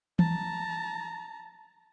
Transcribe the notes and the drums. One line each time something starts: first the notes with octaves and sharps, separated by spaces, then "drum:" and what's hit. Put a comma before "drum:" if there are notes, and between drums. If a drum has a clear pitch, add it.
A5 A#5, drum: tom